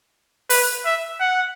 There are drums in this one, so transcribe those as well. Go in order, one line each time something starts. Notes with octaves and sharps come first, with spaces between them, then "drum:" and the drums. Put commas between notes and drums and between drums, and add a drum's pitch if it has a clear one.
B4, drum: open hi-hat
E5
F#5